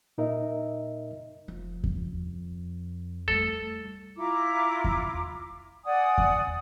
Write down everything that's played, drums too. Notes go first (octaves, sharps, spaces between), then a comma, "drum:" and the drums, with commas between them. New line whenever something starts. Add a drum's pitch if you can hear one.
A#2 D#4 A#4 D#5 E5
F1 F3
drum: kick E2
F2
G3 A3 A4
E4 F4 A#5 D6
drum: kick E2
D5 F#5 G#5 D#6
drum: kick E2